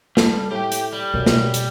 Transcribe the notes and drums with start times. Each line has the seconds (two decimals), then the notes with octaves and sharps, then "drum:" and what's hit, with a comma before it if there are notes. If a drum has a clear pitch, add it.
0.17 G3 A4, drum: snare
0.51 A2 G4 G5
0.72 drum: hi-hat
0.93 G3
1.14 F#2 B2
1.26 drum: snare
1.54 drum: hi-hat